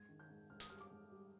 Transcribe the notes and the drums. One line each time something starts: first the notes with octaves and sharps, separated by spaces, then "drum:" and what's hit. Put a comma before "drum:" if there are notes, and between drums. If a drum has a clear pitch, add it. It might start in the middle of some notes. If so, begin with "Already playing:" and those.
Already playing: G#2 G#6
D#3
G6
G#2
G#2 F6
D#6, drum: hi-hat
G3 F6
D6
G#2
G3